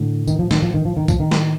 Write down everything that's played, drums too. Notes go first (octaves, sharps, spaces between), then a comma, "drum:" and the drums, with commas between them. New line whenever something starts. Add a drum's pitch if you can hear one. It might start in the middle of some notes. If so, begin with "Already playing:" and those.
Already playing: A2 D3
D#3, drum: tambourine
F3
D#3, drum: snare
F3
D#3
F3
D#3
F3, drum: kick, tambourine
D#3
drum: snare